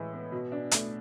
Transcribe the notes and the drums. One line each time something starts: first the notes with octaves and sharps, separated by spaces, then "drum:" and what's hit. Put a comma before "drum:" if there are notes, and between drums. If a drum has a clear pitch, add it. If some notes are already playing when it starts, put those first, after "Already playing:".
Already playing: A2 E3 G#3
B3
B2
D4
A3, drum: hi-hat